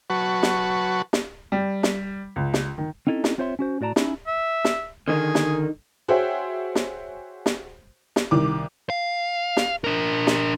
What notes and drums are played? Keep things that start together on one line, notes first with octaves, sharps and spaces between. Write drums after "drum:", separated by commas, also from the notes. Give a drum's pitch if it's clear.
F#3 F#4 B4 A5 C#6
drum: snare
drum: snare
G3
drum: snare
C#2
drum: snare
D#3
C4 C#4 D#4 E4 A4
drum: snare
C4 F4 C5 C#5 E5 C6
C#4 F#4 C5
A2 F#4 D5 A5 A#5
C#4 D#4 E4, drum: snare
E5
drum: snare
D3 D#3 D#4 G#4
drum: snare
F#4 G#4 C5 C#5 E5 G5
drum: snare
drum: snare
drum: snare
C2 D#3 D6
F5
drum: snare
D4 A#4
drum: snare